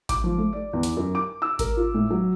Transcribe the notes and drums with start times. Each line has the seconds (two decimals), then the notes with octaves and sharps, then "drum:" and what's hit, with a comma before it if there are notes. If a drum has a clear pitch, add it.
0.09 D6, drum: kick G#1, hi-hat
0.24 F3
0.38 A3
0.53 D5
0.73 E2
0.83 drum: hi-hat
0.97 F#2
1.15 D6
1.42 E6
1.59 A#4, drum: kick G#1, hi-hat
1.77 F4
1.94 A2
2.11 F#3